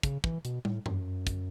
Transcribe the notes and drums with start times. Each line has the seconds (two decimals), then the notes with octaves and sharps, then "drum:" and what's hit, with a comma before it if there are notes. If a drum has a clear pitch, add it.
0.03 C#3, drum: kick, hi-hat
0.24 E3, drum: kick
0.45 B2, drum: hi-hat
0.65 A2, drum: tom
0.86 F#2, drum: tom G2
1.27 drum: kick, hi-hat